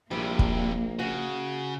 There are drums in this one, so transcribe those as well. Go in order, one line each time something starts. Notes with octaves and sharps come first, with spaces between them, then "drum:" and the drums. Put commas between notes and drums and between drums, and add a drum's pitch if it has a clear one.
A#1 F2 C3 G3 A#3 E4
drum: kick
C#3 F#4